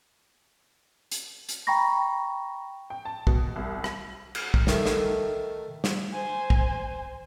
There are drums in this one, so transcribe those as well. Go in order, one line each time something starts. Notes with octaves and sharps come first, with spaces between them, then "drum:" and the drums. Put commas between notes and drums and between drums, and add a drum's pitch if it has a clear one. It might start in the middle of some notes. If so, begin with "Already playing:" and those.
drum: hi-hat
drum: hi-hat
G5 A#5 B5 C#6 A#6
G5
A5
B2, drum: kick
C2
drum: rim click
drum: cymbal
drum: kick
D#3 A3, drum: snare
drum: snare
drum: snare
C5 G#5
drum: kick